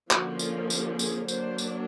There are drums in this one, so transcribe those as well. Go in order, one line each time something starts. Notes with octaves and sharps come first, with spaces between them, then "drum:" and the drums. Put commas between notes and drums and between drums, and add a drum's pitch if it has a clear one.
D3 F3 A#3 C#4 F#4, drum: clap
F4, drum: tambourine
G4, drum: tambourine
G#4, drum: tambourine
F#3 A#3 D4 C5, drum: tambourine
drum: tambourine